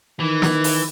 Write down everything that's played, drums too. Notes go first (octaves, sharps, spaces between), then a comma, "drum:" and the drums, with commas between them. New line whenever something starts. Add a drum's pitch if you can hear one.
D#3 E3
drum: snare
drum: open hi-hat